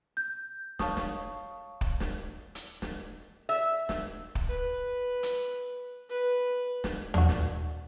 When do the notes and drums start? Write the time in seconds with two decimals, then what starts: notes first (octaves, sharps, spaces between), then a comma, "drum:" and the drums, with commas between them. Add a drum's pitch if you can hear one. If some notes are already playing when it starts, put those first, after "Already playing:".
0.17 G6
0.79 C#5 F5 A5 C#6 D#6, drum: snare
0.97 drum: snare
1.81 drum: kick
2.00 drum: snare
2.55 drum: hi-hat
2.82 drum: snare
3.49 E5
3.89 drum: snare
4.35 drum: kick
4.48 B4
5.23 drum: hi-hat
6.09 B4
6.84 drum: snare
7.14 D4 F#4, drum: tom D#2
7.29 drum: snare